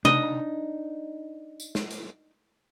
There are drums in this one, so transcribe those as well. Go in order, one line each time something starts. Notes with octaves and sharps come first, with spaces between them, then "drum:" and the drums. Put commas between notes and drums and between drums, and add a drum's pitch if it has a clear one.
D4 D#4 D#5, drum: tom C3
drum: tambourine
drum: snare
drum: hi-hat